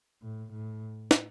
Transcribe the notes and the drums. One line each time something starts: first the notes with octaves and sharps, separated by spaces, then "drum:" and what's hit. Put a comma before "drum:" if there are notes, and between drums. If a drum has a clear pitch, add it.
A2
A2
drum: snare